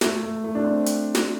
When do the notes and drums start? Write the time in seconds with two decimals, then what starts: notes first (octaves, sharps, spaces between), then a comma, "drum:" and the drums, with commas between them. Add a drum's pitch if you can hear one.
0.01 A3, drum: snare
0.23 A3
0.44 A3
0.55 D4
0.64 C4
0.86 drum: hi-hat
1.15 drum: snare